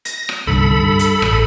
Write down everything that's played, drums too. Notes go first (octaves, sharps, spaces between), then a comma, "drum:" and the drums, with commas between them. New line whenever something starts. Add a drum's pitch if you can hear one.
A#6, drum: hi-hat
drum: rim click
C2 G2 D3 A4 B5
G2
drum: hi-hat
A1, drum: rim click